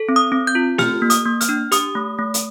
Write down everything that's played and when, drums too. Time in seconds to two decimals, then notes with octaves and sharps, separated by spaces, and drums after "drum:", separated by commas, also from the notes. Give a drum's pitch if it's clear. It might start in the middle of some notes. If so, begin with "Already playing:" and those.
Already playing: A4
0.09 C4
0.16 D#6
0.32 C4
0.47 G6
0.55 F4
0.78 G4 F6, drum: snare
1.02 A#3
1.10 D#6, drum: hi-hat
1.26 A#3
1.41 F6, drum: hi-hat
1.49 D4
1.72 G4 D#6, drum: hi-hat
1.95 A3
2.19 A3
2.34 drum: hi-hat